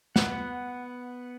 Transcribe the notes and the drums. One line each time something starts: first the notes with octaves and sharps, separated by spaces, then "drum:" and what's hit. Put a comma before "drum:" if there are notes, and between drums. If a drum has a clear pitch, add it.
B3 F#5, drum: snare